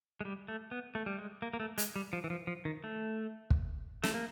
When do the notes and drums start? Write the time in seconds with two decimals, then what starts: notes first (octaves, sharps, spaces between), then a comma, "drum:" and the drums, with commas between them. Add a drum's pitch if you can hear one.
0.21 G#3
0.25 G3
0.48 A3
0.71 B3
0.95 A3
1.06 G3
1.19 G#3
1.42 A#3
1.54 A#3
1.60 A3
1.78 G#3, drum: hi-hat
1.96 G3
2.13 F3
2.24 E3
2.30 F3
2.47 F3
2.65 D#3
2.84 A3
3.50 drum: kick
4.04 A3, drum: snare
4.14 A#3